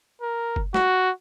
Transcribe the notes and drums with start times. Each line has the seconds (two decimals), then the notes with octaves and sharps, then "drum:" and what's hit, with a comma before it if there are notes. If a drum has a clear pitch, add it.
0.21 A#4
0.56 drum: kick F#1
0.74 F#4, drum: snare